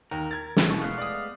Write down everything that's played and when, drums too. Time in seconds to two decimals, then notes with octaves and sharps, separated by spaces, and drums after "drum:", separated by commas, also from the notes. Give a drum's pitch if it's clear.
0.11 D#2 A#4
0.31 G#6 A6
0.56 drum: snare
0.69 B2 E3 C#6
0.81 G#3 A3 B3 F5 F#6
0.98 D5 D#6